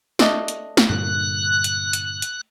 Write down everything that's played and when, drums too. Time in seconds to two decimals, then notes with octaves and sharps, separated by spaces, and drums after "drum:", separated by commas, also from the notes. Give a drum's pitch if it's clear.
0.19 A3 D4 D#5, drum: snare
0.48 drum: hi-hat
0.77 drum: snare
0.89 G2 A#2 D3 F#6
1.64 drum: hi-hat
1.93 drum: hi-hat
2.22 drum: hi-hat